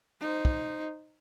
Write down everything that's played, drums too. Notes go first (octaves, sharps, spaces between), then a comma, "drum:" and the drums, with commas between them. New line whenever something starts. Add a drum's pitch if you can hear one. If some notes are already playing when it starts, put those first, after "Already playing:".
D#4 C5
drum: kick